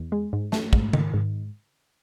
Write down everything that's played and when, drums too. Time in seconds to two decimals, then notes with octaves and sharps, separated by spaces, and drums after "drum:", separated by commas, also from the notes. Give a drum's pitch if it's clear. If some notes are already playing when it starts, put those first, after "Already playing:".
Already playing: E2
0.12 G#3
0.33 G#2
0.52 A3, drum: snare
0.73 G#2, drum: kick
0.93 D#3, drum: tom C#3
1.14 G#2